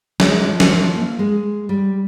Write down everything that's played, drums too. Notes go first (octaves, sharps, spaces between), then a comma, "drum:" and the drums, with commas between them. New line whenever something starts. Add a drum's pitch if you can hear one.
G#3, drum: snare
F3
drum: snare
F3
A#3
G#3
G3